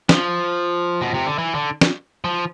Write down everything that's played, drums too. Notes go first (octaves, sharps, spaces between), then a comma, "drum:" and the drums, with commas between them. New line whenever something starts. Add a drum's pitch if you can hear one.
F3, drum: snare
B2
C3
D3
E3
D3
drum: snare
F3